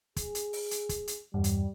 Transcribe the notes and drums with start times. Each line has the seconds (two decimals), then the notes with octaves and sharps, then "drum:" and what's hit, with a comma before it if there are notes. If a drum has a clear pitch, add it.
0.16 G#4, drum: kick, hi-hat
0.35 drum: hi-hat
0.53 drum: open hi-hat
0.71 drum: hi-hat
0.89 drum: kick, hi-hat
1.07 drum: hi-hat
1.34 E2 G2 G3
1.44 drum: hi-hat